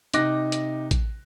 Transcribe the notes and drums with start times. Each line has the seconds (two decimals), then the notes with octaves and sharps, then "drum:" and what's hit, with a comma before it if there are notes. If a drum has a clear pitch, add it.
0.14 C3 D#4 D6 F#6 A#6, drum: hi-hat
0.52 drum: hi-hat
0.91 drum: kick, hi-hat